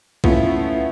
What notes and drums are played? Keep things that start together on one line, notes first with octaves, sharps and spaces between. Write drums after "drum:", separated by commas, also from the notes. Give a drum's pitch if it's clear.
A3 B3 C#4 E4 F4, drum: kick B1